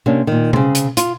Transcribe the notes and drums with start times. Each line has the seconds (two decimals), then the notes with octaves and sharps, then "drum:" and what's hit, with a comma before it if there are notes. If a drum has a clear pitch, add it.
0.06 C3 A#3 C#4 D4
0.27 A#2 D#3
0.53 C#3 C4, drum: tom B2
0.75 drum: hi-hat
0.97 F4, drum: hi-hat